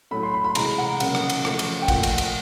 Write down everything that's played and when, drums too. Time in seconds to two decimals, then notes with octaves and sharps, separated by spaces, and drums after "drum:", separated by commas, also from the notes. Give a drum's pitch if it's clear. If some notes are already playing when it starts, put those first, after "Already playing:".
0.11 A2 F#3 A3 B5
0.23 C6
0.34 B5
0.44 B5
0.55 C3 E3 G#3 A#5, drum: cymbal
0.78 F#5
1.00 C#3 F#3 A#3 F#5, drum: cymbal
1.15 drum: rim click
1.30 drum: cymbal
1.45 C#3 F3 A3, drum: rim click
1.59 drum: cymbal
1.82 G5
1.88 A#2 F3 A3 F#5, drum: kick, cymbal
2.03 drum: cymbal
2.18 drum: cymbal